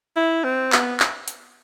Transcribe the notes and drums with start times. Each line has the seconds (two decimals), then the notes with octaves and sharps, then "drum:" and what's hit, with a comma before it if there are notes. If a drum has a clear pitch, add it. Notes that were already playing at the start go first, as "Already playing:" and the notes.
0.16 E4
0.44 C4
0.72 B3, drum: clap
1.00 drum: clap
1.28 drum: hi-hat